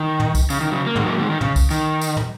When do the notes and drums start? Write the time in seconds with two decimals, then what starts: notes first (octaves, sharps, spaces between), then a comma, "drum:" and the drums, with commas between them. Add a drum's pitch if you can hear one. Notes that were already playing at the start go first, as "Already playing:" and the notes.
Already playing: D#3
0.20 drum: tom
0.35 drum: kick, tambourine
0.50 C#3, drum: tambourine
0.61 D#3
0.72 C#3 F#3
0.86 A#3
0.95 D#3 G#3, drum: tom
1.06 F#3 A#3
1.18 D#3 G#3
1.29 D#3
1.41 C#3, drum: tom
1.56 drum: kick, tambourine
1.71 D#3, drum: tambourine
2.01 drum: tambourine
2.17 drum: tom